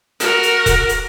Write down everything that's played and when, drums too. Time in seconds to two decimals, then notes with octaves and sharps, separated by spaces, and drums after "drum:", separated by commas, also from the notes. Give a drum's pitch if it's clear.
0.20 F#4 A#4, drum: hi-hat
0.43 drum: hi-hat
0.66 drum: kick E1, hi-hat
0.89 drum: hi-hat